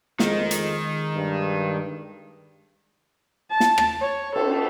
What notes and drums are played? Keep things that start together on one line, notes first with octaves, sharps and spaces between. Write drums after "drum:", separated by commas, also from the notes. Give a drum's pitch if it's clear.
F2 D#3 G#3, drum: snare
drum: hi-hat
G2
A5
drum: snare
drum: rim click
C#5
A4, drum: cymbal